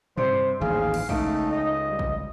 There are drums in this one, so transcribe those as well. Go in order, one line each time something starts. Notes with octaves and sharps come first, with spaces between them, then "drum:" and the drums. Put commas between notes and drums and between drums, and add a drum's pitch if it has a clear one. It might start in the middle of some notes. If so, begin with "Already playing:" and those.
C3 G3 C5, drum: tom
A1 D#2 G#2 G#4 F5
drum: cymbal
C#2 C#3 A3 D#4, drum: kick
D#5
G3
drum: kick